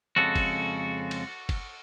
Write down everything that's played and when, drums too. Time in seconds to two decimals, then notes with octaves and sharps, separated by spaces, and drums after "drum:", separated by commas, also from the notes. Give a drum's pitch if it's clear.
0.16 F2 C#3 G#3 F#4 A4
0.36 drum: kick, cymbal
1.11 drum: cymbal
1.49 drum: kick, cymbal